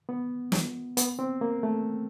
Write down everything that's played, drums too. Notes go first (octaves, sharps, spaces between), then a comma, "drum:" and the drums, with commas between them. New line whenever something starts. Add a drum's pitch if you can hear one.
B3
drum: snare
B3, drum: hi-hat
C4
A#3
A3